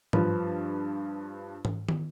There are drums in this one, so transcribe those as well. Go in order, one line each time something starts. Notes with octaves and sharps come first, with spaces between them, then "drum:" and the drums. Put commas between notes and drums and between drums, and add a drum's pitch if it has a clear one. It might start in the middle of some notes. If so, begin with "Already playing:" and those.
G2 F3 B4, drum: tom G#2
drum: tom G#2
drum: tom